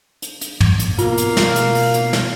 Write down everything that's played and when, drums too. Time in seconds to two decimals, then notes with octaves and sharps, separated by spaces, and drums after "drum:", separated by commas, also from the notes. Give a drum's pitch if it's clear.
0.22 drum: hi-hat
0.41 drum: hi-hat
0.60 drum: tom
0.80 drum: hi-hat
0.99 B2 A#3 F4 F5, drum: hi-hat
1.18 drum: hi-hat
1.37 drum: snare
1.56 drum: hi-hat
1.75 drum: open hi-hat
1.94 drum: hi-hat
2.13 drum: snare